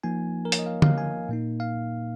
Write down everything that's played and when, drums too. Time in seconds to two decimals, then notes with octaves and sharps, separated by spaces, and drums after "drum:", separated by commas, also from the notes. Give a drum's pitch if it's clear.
0.04 F3 A#3 D#4 G#5
0.45 A#4
0.52 C#5, drum: hi-hat
0.59 D#5
0.66 F5
0.82 F5, drum: tom D3
0.98 G#5
1.29 A#2 A#3 D#4
1.60 F5